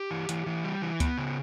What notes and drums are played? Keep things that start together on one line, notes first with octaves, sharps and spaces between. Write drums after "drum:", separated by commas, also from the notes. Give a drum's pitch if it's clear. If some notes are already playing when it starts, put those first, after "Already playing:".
Already playing: G4
E3
E3, drum: hi-hat
E3
G3
E3
B3, drum: kick C#2, hi-hat
C#3